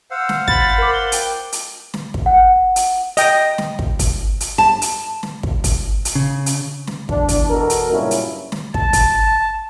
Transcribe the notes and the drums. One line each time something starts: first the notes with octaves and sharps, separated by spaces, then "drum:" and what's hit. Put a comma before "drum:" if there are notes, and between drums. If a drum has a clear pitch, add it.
C5 F5 F#5 E6
drum: snare
B5 A6, drum: kick
A#4 D6
G7
G5, drum: hi-hat
drum: hi-hat
drum: snare
drum: kick
F#5
drum: hi-hat
D#5 G5, drum: hi-hat
drum: snare
drum: kick
drum: kick, hi-hat
drum: hi-hat
A5
drum: hi-hat
drum: snare
drum: kick
drum: kick, hi-hat
drum: hi-hat
C#3
drum: hi-hat
drum: snare
E2 D4, drum: kick
drum: kick, hi-hat
E2 B2 A4 A#4
drum: hi-hat
G2 A#2 C#3 F#3 C#4 E4
drum: hi-hat
drum: snare
A5, drum: kick
drum: kick, hi-hat